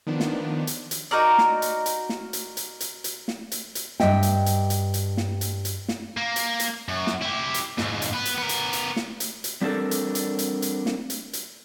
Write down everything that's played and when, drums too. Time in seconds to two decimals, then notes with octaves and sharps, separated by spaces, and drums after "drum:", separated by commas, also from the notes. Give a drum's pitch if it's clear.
0.07 D#3 F3 B3 D4
0.20 drum: snare
0.67 drum: hi-hat
0.91 drum: hi-hat
1.11 D#4 F#4 A#4 D5
1.38 drum: snare
1.62 drum: hi-hat
1.86 drum: hi-hat
2.09 drum: snare
2.33 drum: hi-hat
2.57 drum: hi-hat
2.80 drum: hi-hat
3.04 drum: hi-hat
3.28 drum: snare
3.52 drum: hi-hat
3.75 drum: hi-hat
4.00 G2 D#5 E5 G5, drum: snare
4.23 drum: hi-hat
4.46 drum: hi-hat
4.70 drum: hi-hat
4.94 drum: hi-hat
5.17 drum: snare
5.41 drum: hi-hat
5.65 drum: hi-hat
5.88 drum: snare
6.17 A#3
6.36 drum: hi-hat
6.60 drum: hi-hat
6.89 F#2
7.07 drum: snare
7.22 E4 G4
7.54 drum: hi-hat
7.78 F2 G#2, drum: snare
8.02 drum: hi-hat
8.13 B3 B4
8.25 drum: hi-hat
8.38 B3 A#4
8.49 drum: hi-hat
8.73 drum: hi-hat
8.96 drum: snare
9.20 drum: hi-hat
9.44 drum: hi-hat
9.61 G3 C4 D4 D#4 A4 A#4
9.91 drum: hi-hat
10.15 drum: hi-hat
10.39 drum: hi-hat
10.62 drum: hi-hat
10.86 drum: snare
11.10 drum: hi-hat
11.33 drum: hi-hat